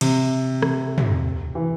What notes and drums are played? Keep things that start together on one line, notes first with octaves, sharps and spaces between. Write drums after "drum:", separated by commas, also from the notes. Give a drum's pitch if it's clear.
C3, drum: cymbal
C3, drum: rim click
drum: tom
E3